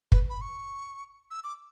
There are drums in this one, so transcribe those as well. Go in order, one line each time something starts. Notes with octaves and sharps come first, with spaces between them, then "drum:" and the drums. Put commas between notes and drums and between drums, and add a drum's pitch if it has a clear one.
B4, drum: kick
B5
C#6
E6
D6